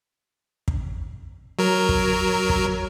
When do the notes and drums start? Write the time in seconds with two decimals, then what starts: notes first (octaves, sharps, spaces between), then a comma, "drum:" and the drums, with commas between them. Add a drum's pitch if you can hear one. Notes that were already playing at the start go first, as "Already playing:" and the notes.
0.68 drum: kick
1.59 F#3 A#4
1.89 drum: kick
2.49 drum: kick